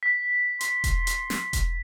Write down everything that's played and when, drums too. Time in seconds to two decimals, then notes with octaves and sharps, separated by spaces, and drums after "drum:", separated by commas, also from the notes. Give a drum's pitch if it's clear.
0.03 B6
0.61 C6, drum: hi-hat
0.84 drum: kick E1, hi-hat
1.07 drum: hi-hat
1.30 drum: snare
1.53 drum: kick E1, hi-hat